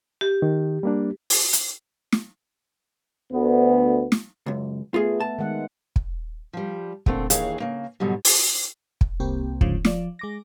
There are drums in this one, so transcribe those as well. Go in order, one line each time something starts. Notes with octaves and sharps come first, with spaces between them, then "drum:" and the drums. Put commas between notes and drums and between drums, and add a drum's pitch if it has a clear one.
G4
D#3
G3 A#3 D4
drum: open hi-hat
drum: hi-hat
drum: snare
D2 B3
drum: snare
C#2 F#2
A3 B3 F4 G#4
A5
D#3 G#3 F#5
drum: kick
F3 G3
A#2 D3 A3 C4, drum: kick
D#2 E3 G#4 C#5 F5, drum: hi-hat
C#3 A#3
G#2 B2 D3 F#3 G3
drum: open hi-hat
drum: kick
C2 A#3 C4 G4
D2 G#2 C#3 F3, drum: kick
F3 D5, drum: snare
G#3 D6 A#6